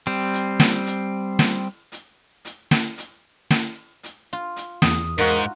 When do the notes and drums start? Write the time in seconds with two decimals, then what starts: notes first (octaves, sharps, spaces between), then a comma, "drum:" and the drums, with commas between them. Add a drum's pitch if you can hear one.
0.07 G3 C4
0.33 drum: hi-hat
0.60 drum: snare
0.86 drum: hi-hat
1.39 drum: snare
1.92 drum: hi-hat
2.45 drum: hi-hat
2.71 drum: snare
2.98 drum: hi-hat
3.51 drum: snare
4.04 drum: hi-hat
4.33 F4
4.56 drum: hi-hat
4.82 E2 D#6, drum: snare
5.18 G#2 D#4 F4 F#4 A#4